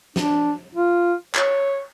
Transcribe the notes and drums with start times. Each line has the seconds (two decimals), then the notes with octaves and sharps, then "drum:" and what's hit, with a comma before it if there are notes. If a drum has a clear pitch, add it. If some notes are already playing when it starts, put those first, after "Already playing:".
0.16 D4, drum: snare
0.75 F4
1.35 C#5, drum: clap